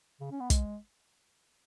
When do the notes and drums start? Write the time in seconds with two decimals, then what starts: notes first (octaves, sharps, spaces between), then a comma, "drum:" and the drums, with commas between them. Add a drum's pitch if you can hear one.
0.20 C#3
0.31 C#4
0.40 B3
0.50 G#3, drum: kick, hi-hat